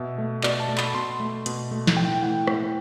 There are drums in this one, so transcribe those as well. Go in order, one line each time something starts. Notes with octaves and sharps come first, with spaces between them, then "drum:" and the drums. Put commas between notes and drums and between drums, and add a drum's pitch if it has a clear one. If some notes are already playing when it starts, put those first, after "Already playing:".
Already playing: B2 E5
A3
B2 D5, drum: clap
A5
A3
B5, drum: clap
B2 C6
A3
B2, drum: hi-hat
A3
drum: snare
A2 G5
E3 A3 F#5
A2, drum: rim click